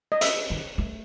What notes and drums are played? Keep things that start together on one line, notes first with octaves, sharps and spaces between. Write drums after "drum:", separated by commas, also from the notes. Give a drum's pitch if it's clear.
D#5
E5, drum: hi-hat
D#3
A3